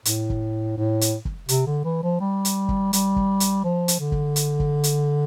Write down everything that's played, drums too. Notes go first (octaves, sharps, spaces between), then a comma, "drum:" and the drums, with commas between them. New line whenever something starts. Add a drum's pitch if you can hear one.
A2, drum: hi-hat
drum: kick
A2
drum: hi-hat
drum: kick
C3, drum: hi-hat
D3
E3
F3
G3
drum: hi-hat
drum: kick
G3, drum: hi-hat
drum: kick
drum: hi-hat
F3
drum: hi-hat
D3
drum: kick
drum: hi-hat
drum: kick
drum: hi-hat